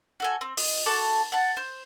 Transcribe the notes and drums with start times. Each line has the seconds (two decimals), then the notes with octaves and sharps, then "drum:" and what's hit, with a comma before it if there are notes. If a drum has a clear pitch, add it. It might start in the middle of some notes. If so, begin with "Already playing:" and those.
0.20 F#4 A4 G#5
0.41 C4
0.57 D#5, drum: open hi-hat
0.86 F#4 A4 A5 D6
1.32 F#5 A5
1.57 C5